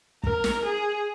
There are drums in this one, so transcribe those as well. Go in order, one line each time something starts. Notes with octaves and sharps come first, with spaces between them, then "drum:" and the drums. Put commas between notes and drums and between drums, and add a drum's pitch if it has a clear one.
A#4, drum: kick
drum: snare
G#4